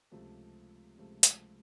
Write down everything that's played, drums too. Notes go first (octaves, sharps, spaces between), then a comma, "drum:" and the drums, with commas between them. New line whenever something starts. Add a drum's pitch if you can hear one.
C#2 C3 F3 A3
C#2 C3 F3 A3
drum: hi-hat